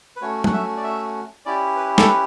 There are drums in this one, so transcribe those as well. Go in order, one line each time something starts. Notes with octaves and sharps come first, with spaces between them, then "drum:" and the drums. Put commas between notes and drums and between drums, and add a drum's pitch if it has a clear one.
B4
A3 C#4 F#4 C#5
F#5, drum: tom F#3
E5
D5
E5
C#4 E4 G4 D5
B4
A4, drum: snare
B4